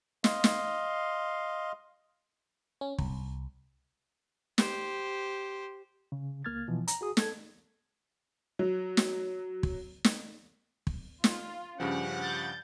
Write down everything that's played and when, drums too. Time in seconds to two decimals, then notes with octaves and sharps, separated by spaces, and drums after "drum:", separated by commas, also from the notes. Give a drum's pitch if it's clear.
0.24 D#5 F5 C6, drum: snare
0.44 drum: snare
2.81 C#4
2.99 C2, drum: kick
4.58 G4 C5, drum: snare
6.12 C#3
6.44 C#2 A#3 F6 G#6 A6
6.68 B2 E3 F3
6.88 A#5, drum: hi-hat
7.01 F#4 G#4 D#6
7.17 A4 G#6, drum: snare
8.59 F#3
8.97 drum: snare
9.63 drum: kick
10.04 drum: snare
10.87 drum: kick
11.24 F4, drum: snare
11.80 G2 C#3 F3 C#4 G4 F#5
12.20 G6 A6